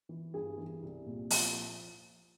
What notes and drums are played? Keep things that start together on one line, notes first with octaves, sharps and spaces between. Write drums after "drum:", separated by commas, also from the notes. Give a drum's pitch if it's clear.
E3
G2 G#4
E3
C2
A#2
F3, drum: open hi-hat